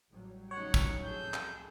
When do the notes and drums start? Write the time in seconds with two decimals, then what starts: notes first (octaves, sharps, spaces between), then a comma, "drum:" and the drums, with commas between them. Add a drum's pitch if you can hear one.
0.11 A1 F#3 G3
0.51 C#3 A3 D#4 C#5 F#5
0.74 drum: kick, tambourine
1.04 F2 G#4 A4 G6
1.34 drum: clap